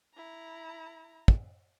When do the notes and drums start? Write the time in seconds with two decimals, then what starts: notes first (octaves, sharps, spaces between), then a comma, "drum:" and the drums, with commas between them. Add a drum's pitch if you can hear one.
0.14 E4 A#5
1.28 drum: kick